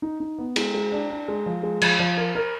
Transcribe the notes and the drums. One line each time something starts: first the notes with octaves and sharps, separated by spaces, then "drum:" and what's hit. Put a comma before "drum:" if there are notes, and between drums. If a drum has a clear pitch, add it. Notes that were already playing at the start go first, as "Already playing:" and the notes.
D#4
D#4
B3
G#3, drum: cymbal
G#3
D4
D4
G#3
F3
G#3
F3, drum: cymbal
F3
A#4
A#4